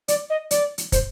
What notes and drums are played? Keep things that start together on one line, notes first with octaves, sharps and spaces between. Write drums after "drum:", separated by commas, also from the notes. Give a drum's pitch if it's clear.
D5, drum: hi-hat
D#5
D5, drum: hi-hat
drum: hi-hat
C5, drum: kick, hi-hat